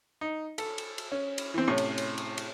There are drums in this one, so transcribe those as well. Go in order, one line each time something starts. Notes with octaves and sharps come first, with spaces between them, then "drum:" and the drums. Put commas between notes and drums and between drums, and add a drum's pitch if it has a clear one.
D#4
A4, drum: cymbal
drum: cymbal
drum: cymbal
C#4
drum: cymbal
E3 C4
A2 C3 C#4
drum: cymbal
drum: cymbal
drum: cymbal
drum: cymbal